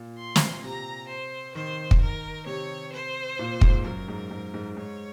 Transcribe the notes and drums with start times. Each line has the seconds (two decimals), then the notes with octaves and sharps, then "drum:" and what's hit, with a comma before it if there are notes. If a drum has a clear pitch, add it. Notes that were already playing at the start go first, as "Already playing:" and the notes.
Already playing: A#2
0.18 C6
0.36 drum: snare
0.63 C3 A#5
1.08 C5
1.55 D#3 C5
1.91 drum: kick
2.01 A#4
2.46 C3 C#5
2.92 C5
3.39 A#2
3.61 G#2, drum: kick
3.84 F#2 A#4
4.08 G#2
4.31 G#2
4.54 G#2
4.76 G#2 C#5